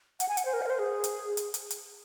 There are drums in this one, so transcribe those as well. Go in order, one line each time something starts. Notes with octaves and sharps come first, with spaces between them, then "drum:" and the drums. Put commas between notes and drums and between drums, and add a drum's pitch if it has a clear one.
F#5, drum: hi-hat
G#5
F#5, drum: hi-hat
C5
A#4
F#5
A#4
C5
G#4
drum: hi-hat
drum: hi-hat
drum: hi-hat
drum: hi-hat